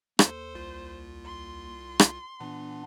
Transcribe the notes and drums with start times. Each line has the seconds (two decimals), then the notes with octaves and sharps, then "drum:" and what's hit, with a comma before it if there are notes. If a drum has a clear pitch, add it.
0.19 D#2 A4 C5, drum: rim click
0.55 C2 F4
1.25 C6
1.99 drum: rim click
2.40 A#2 E3 B3 D4